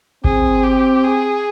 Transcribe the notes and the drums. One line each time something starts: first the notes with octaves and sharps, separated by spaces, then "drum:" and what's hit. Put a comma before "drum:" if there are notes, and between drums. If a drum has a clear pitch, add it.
C4 G#4, drum: kick G#1
G4
G#4